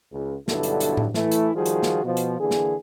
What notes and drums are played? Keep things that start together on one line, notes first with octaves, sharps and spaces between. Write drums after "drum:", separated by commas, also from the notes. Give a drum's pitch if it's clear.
C#2
B1 G2 D3 E4 F#4 A4, drum: snare
drum: hi-hat
drum: hi-hat
drum: tom A2
E3 A3 E4, drum: snare
drum: hi-hat
D#3 F3 G3 F4 F#4 G#4
drum: hi-hat
drum: snare
B2 F3
drum: hi-hat
D3 E3 A#3 G#4
drum: snare